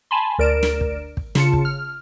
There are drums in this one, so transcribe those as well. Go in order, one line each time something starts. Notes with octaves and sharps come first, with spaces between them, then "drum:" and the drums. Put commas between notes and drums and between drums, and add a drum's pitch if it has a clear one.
G#5 A5 B5 C6
D2 A#4 D5 D7 E7
drum: snare
drum: kick
drum: kick
C#3 F4 A5 C#7, drum: snare
drum: kick
F6